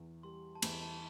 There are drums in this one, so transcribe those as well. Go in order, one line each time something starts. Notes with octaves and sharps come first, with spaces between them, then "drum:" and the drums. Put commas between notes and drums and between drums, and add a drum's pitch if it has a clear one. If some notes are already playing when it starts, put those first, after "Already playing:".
Already playing: E2
G3 C6
A5
E2 B5, drum: cymbal
A5